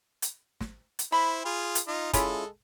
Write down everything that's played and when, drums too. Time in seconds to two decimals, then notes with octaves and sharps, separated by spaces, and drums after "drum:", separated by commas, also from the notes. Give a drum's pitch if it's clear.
0.22 drum: hi-hat
0.61 drum: snare
0.99 drum: hi-hat
1.12 E4 C5 B5
1.45 F4 G#4 G#5
1.75 drum: hi-hat
1.87 D#4 F4 D#5
2.13 G#3 C#4 E4 F4 G#4 A4, drum: kick F#1, hi-hat